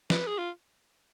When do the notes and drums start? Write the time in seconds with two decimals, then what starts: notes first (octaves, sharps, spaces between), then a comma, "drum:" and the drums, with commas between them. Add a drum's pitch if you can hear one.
0.10 B4, drum: snare
0.27 G#4
0.38 F4